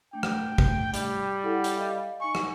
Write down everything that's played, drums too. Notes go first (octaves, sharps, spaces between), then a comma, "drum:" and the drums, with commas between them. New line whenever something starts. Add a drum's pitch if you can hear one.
A3 D4 G5
drum: rim click
drum: kick
G3, drum: hi-hat
E4 A4 F#5
drum: hi-hat
D#5 F5
D#4 G#5 C#6
drum: rim click